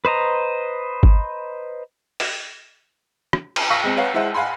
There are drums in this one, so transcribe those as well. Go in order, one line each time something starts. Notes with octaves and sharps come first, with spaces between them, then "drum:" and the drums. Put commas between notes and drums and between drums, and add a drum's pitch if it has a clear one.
B4 C5 D#5 A#5
drum: kick G1
drum: open hi-hat
drum: rim click
drum: cymbal
F5 C#6 E6 A#6 B6
G#3 C4
B4 C#5 F5 F#5
G#3 E4 C5 E5 F#5
F5 F#5 G#5 B5 C6